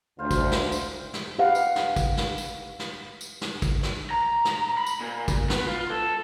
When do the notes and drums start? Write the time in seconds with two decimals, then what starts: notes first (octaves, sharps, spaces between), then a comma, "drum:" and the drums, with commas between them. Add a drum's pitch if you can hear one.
0.19 D2 F4 C5
0.31 drum: kick, tambourine
0.51 drum: snare
0.72 drum: tambourine
1.14 drum: snare
1.39 G4 B4 F5 F#5
1.55 drum: tambourine
1.76 drum: snare
1.96 drum: kick, tambourine
2.17 drum: snare
2.38 drum: tambourine
2.79 drum: snare
3.21 drum: tambourine
3.41 drum: snare
3.62 drum: kick, tambourine
3.83 drum: snare
4.11 A#5
4.45 drum: snare
4.77 B5
4.86 drum: tambourine
5.01 A#2
5.28 drum: kick, tambourine
5.50 B3, drum: snare
5.66 F4
5.90 A4